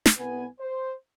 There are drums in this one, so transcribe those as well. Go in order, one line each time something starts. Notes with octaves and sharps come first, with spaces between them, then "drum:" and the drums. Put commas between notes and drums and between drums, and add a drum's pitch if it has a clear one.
drum: snare
C2 B3 G#5
C5